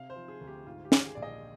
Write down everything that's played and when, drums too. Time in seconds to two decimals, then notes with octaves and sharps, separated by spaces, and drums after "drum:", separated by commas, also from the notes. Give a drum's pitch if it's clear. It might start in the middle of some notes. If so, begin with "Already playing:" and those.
Already playing: C3 F5
0.10 C5
0.16 F3
0.28 G#4
0.41 D2
0.47 G4
0.66 G#2 F4
0.85 G4
0.92 D#3, drum: snare
1.04 G#4
1.15 A#1 D5
1.22 D#5